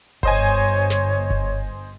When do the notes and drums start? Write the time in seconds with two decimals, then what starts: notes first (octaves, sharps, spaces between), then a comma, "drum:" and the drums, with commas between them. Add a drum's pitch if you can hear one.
0.23 G1 C5 C#5 D#5 G#5, drum: kick F#1
0.37 drum: hi-hat
0.90 drum: snare
1.30 drum: kick F#1